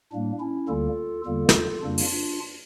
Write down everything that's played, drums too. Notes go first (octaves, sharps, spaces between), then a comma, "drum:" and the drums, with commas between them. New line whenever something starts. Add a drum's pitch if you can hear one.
A2 G3 A#3 D4
C#4 E4
D2 D3 G3 A#3 F4 A4
E2 D3 G3 A#3 F4 A4
drum: snare
F2 C#3 G3 A#3 D4 F4
drum: open hi-hat
D4 F4